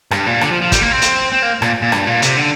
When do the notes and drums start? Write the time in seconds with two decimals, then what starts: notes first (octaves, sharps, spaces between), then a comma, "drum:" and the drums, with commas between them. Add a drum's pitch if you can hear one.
0.11 G2, drum: rim click
0.26 A#2
0.41 D3, drum: rim click
0.51 F3
0.61 F3
0.72 G3, drum: kick, hi-hat
0.82 A#3
0.91 C4
1.02 drum: hi-hat
1.32 C4
1.42 A#3
1.62 A#2, drum: rim click
1.82 A#2
1.92 G2, drum: rim click
2.07 A#2
2.22 C3, drum: hi-hat
2.37 D3